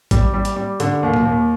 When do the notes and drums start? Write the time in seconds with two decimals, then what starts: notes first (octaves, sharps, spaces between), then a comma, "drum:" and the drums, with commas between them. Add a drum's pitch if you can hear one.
0.11 G3, drum: kick A1, hi-hat
0.34 G3
0.45 drum: hi-hat
0.56 G3
0.80 D3, drum: hi-hat
1.03 D#2
1.14 drum: tom A#2
1.25 D#2